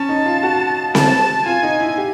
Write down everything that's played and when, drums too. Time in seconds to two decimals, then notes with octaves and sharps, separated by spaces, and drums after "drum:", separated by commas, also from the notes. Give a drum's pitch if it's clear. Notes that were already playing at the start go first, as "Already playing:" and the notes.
Already playing: C#4 A5
0.09 D#4
0.26 F4
0.43 F#4
0.95 A5, drum: snare C4
1.46 F4 G#5
1.63 D#4
1.80 E4
1.98 G4